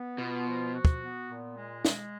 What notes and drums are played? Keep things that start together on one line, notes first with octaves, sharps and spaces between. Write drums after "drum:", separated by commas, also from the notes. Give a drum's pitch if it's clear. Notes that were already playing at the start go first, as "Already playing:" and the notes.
Already playing: B3
B2 F4
F3
F#4
drum: kick
B3
A#2
G#3
G#3, drum: snare